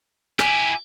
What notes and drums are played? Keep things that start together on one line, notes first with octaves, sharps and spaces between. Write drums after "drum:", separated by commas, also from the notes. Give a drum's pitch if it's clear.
E4 G4 G#5, drum: rim click